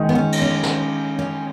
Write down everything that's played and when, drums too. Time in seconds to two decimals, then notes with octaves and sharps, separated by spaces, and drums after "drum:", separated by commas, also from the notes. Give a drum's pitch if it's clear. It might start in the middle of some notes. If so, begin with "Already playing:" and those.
Already playing: D#3 G#3 D#4
0.09 B3
0.15 C#4
0.32 drum: cymbal
0.42 C#4
0.63 drum: snare
1.19 C#4